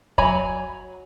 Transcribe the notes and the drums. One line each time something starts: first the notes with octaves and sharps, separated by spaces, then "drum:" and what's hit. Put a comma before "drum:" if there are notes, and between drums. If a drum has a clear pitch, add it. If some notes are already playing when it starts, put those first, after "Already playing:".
F#3 C#5 G#5 A#5 B5, drum: kick